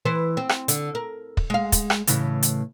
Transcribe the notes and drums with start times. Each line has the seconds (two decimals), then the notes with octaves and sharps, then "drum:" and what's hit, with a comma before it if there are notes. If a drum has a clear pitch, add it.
0.05 E3 B4 C5
0.37 C4
0.49 drum: rim click
0.68 D3, drum: hi-hat
0.95 A#4
1.37 drum: kick
1.50 G#3 F5
1.72 drum: kick, hi-hat
1.90 drum: rim click
2.07 A2 C#3 E3, drum: hi-hat
2.43 drum: hi-hat